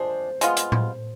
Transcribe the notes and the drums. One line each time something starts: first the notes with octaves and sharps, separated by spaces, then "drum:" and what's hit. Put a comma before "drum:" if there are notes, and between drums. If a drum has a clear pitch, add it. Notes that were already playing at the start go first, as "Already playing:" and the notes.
Already playing: F3 G#3 D4 C5
G#3 B3 F4, drum: hi-hat
drum: hi-hat
drum: tom A2